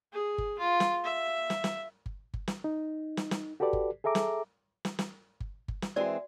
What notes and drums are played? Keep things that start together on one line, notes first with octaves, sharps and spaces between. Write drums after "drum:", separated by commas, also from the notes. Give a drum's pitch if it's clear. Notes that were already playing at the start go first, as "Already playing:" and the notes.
G#4
drum: kick G1
F4
drum: snare
E5
drum: snare
drum: snare
drum: kick G1
drum: kick G1
drum: snare
D#4
drum: snare
drum: snare
F#4 G4 A4 B4 D5
drum: kick G1
G#4 A4 E5 A#5 D6
drum: snare
drum: snare
drum: snare
drum: kick G1
drum: kick G1
drum: snare
E3 G#3 C4 F#4 D5